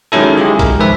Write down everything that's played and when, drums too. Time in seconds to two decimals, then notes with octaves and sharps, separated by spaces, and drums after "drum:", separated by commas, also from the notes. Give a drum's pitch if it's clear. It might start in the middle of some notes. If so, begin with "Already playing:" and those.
0.12 D#3 F#3 G#3 C#4 E4 A4
0.37 G#3 F4 G4 G#4
0.59 A#4, drum: kick A#1, hi-hat
0.80 G#2 D#3 F3 B4 E5